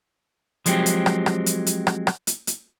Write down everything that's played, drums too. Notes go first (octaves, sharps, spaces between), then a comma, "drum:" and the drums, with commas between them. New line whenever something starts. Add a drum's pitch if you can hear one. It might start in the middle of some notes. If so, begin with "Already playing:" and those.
F3 F#3 G#3 C4 G4, drum: hi-hat
drum: hi-hat
drum: rim click
drum: rim click
drum: hi-hat
drum: hi-hat
drum: rim click
drum: rim click
drum: hi-hat
drum: hi-hat